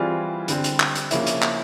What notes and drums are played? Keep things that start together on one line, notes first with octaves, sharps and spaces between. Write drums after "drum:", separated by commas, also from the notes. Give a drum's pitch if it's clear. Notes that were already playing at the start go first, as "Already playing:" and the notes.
Already playing: E3 G3 C4 F4 G#4
D3 G3 C4, drum: hi-hat
drum: hi-hat
drum: clap
drum: hi-hat
C#3 F3 A#3 C#4 E4, drum: hi-hat
drum: hi-hat
drum: clap